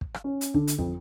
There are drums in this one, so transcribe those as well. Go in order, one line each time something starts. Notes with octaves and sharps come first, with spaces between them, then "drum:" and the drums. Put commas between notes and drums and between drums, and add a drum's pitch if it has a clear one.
drum: kick
drum: rim click
C#4
drum: hi-hat
D3, drum: kick
drum: hi-hat
F2, drum: kick